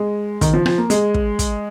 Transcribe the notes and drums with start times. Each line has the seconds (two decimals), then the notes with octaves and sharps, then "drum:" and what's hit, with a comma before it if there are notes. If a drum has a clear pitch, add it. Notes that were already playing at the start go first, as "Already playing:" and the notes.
Already playing: G#3
0.41 D#3, drum: kick, hi-hat
0.53 F3
0.66 F3, drum: rim click
0.78 A#3
0.90 G#3, drum: hi-hat
1.14 drum: kick
1.39 drum: kick, hi-hat